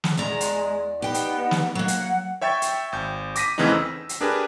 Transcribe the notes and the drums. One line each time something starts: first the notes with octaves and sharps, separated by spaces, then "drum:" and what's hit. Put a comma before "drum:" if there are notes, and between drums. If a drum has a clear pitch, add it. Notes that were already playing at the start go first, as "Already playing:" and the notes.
drum: snare
E2 G#3 D5 A#5
drum: hi-hat
B3 D#4 G4 G5
drum: hi-hat
drum: snare
F#3 A#3 F#5
drum: hi-hat
C#5 E5 G5 C#6 A6
drum: hi-hat
G#1 G6
D6 A#6 B6 D#7, drum: hi-hat
E2 C#3 E3 A3 C4 D#4
E6
drum: hi-hat
D4 G4 G#4 A#4 B4